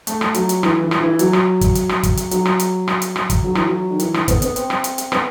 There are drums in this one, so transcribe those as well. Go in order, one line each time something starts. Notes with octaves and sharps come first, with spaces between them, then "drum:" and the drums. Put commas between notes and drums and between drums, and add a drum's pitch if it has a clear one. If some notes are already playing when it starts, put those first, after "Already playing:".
A3, drum: hi-hat
drum: rim click
F#3, drum: hi-hat
drum: hi-hat
E3, drum: rim click
E3
drum: rim click
E3
F#3, drum: hi-hat
drum: rim click
drum: kick, hi-hat
drum: hi-hat
drum: rim click
drum: kick, hi-hat
drum: hi-hat
F#3, drum: hi-hat
drum: rim click
drum: hi-hat
drum: rim click
drum: hi-hat
drum: rim click
drum: kick, hi-hat
F#3
E3, drum: rim click
F#3
D#3
E3, drum: hi-hat
E3, drum: rim click
B3, drum: kick, hi-hat
B3, drum: hi-hat
C4, drum: hi-hat
drum: rim click
drum: hi-hat
drum: hi-hat
B3, drum: rim click